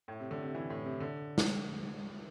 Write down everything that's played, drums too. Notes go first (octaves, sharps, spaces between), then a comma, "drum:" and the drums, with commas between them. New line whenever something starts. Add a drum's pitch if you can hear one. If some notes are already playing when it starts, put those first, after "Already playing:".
A2
C3
D3
C3
E3
A2
C3
D3
drum: snare